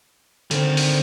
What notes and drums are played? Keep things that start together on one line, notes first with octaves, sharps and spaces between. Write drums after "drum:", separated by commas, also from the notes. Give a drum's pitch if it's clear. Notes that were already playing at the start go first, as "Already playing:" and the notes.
D3 D#3 C4, drum: hi-hat
drum: open hi-hat